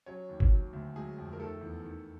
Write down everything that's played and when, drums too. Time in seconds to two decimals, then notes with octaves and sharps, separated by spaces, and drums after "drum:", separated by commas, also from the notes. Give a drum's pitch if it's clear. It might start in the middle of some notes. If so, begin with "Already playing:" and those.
0.06 F#3 C#4 C#5
0.29 D#2
0.40 drum: kick G1
0.52 F#3
0.73 D2
0.96 F#3 G#3 G#4
1.18 F2
1.33 A#4
1.39 D#3 A3 A4
1.61 E2
1.83 D#3